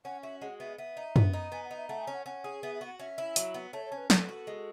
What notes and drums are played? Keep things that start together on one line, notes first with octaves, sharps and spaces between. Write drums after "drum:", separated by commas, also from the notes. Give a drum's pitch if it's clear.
C#4 F#5
F#4 E5
G#3 F#5
B3 E5
B3 E5
D#4
B3, drum: tom F#2
D#4
B3 G#5
F#5
D#4
E5
A3 F#5
G#5
C#4
F#5
C#4 F#5
G#4
B3 E5
E5
F#4
F#5
C#4 E5
E4
F#3, drum: hi-hat
B3
A3 C#5
C#5
C#4
B4
B3 A4, drum: snare
F#4
G#3